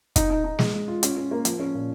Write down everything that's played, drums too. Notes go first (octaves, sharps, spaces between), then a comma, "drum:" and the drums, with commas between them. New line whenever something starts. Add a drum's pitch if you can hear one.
D#4, drum: kick, hi-hat
D#4
D#4
G#3, drum: snare
G#3
F4
C#4, drum: hi-hat
C#4
A#3
F3, drum: hi-hat
C#4
A#2